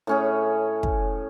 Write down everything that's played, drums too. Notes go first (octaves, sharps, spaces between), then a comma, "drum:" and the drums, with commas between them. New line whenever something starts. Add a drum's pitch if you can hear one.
A2 C#4 G#4
drum: kick